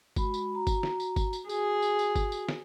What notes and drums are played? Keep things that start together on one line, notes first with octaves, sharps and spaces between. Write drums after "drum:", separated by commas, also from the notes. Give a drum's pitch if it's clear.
G#3 F#4 B5, drum: kick G1, tambourine
drum: tambourine
F#4 A#5
drum: kick G1, tambourine
drum: snare
drum: tambourine
drum: kick G1, tambourine
drum: tambourine
F#4 G#4, drum: tambourine
drum: tambourine
drum: tambourine
drum: kick G1, tambourine
drum: tambourine
drum: snare